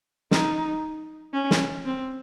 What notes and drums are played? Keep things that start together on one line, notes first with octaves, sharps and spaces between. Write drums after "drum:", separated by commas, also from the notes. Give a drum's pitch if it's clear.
D#4, drum: snare
C#4
drum: snare
C4